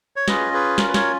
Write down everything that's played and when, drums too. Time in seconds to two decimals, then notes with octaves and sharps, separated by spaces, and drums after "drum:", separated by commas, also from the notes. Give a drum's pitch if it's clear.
0.16 C#5
0.28 C#4 F4 G#4 B4 D#5, drum: snare
0.53 G#4 B4
0.78 A#4, drum: snare
0.89 B4
0.94 A#4 C#5, drum: snare